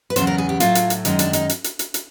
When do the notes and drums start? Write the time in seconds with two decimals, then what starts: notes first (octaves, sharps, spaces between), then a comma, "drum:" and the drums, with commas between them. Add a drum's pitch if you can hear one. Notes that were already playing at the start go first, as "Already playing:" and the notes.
0.10 B4
0.16 E2 C#3 F#3 B3 C5, drum: hi-hat
0.27 A#4
0.38 G#4
0.49 G4
0.60 A2 F#3 A3 F4, drum: hi-hat
0.75 drum: hi-hat
0.90 drum: hi-hat
1.05 F#2 D#3 G#3 D#4, drum: hi-hat
1.19 D4, drum: hi-hat
1.33 D#4, drum: hi-hat
1.49 drum: hi-hat
1.64 drum: hi-hat
1.79 drum: hi-hat
1.94 drum: hi-hat